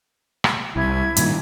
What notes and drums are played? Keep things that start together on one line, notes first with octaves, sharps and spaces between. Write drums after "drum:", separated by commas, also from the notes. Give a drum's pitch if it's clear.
drum: rim click
C2 E4 G#6
G2 A#2 D#3, drum: hi-hat